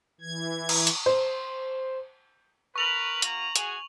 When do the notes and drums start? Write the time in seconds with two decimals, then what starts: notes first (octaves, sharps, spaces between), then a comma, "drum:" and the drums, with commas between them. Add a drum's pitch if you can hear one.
0.21 E3 G#6
0.69 drum: cymbal
0.87 drum: hi-hat
1.06 C5
2.76 A#4 B4 C#6 F7 F#7
3.22 A#3 F#4 A#5, drum: hi-hat
3.56 F#4 G#4 G#5, drum: hi-hat